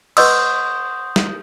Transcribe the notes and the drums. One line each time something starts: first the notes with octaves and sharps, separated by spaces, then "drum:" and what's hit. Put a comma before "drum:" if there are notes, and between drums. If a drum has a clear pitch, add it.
B4 D#5 F#5 C6 C#6 D#6 E6 G6, drum: cymbal
drum: snare